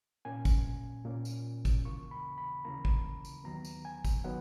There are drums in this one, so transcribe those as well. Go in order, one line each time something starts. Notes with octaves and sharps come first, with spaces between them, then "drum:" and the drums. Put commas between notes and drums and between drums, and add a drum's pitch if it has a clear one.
A#2 A#3 C#4 G#5
drum: kick, tambourine
A#2 A#3 C#4
drum: tambourine
drum: kick, tambourine
D#2 C#3 E3 A#3 C#6
B5
B5
D#2 C#3 E3 A#3 A#5
drum: kick
drum: tambourine
D#2 D#3 F#3 B3 A#5
drum: tambourine
G#5
drum: kick, tambourine
D#3 F#3 B3 F#5